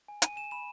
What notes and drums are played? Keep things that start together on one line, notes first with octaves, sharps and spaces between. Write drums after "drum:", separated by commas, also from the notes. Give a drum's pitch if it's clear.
G#5
G#5 D#7, drum: hi-hat
G#5 E7
B5 E7